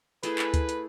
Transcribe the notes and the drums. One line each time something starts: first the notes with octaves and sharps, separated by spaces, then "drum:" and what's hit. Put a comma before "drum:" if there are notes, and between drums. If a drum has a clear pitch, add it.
A3 E4 G#4 A4 B4, drum: hi-hat
drum: clap
drum: kick D2, hi-hat
drum: hi-hat